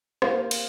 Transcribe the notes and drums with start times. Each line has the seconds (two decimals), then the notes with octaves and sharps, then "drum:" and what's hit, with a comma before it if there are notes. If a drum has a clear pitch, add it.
0.22 A#3 C5 F5, drum: rim click
0.51 drum: cymbal